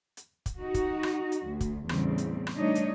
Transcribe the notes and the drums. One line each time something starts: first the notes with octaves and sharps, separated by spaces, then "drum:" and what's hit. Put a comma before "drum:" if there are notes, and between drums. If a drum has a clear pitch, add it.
drum: hi-hat
drum: kick, hi-hat
D#4 F#4
drum: kick, hi-hat
drum: rim click
drum: hi-hat
D2
drum: kick, hi-hat
E2 A2 C#3 G3 C4, drum: rim click
drum: hi-hat
drum: rim click
G3 A3 D4 D#4 C#5 D#5
drum: hi-hat